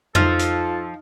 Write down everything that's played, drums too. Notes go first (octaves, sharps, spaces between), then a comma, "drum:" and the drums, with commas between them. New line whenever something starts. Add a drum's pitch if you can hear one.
F3 D#4 F4 A4 F6 A6, drum: tom F2
drum: hi-hat